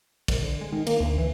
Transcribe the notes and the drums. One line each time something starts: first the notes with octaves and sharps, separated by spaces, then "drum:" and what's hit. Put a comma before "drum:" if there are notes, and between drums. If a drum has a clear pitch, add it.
A#1, drum: kick, cymbal
D3
G#3
D#3
A#3, drum: cymbal
D2
E3